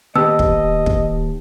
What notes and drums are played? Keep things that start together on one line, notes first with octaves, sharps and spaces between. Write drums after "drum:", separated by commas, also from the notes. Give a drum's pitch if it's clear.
D#2 B3 G4 D#5 A5 E6
drum: kick
drum: kick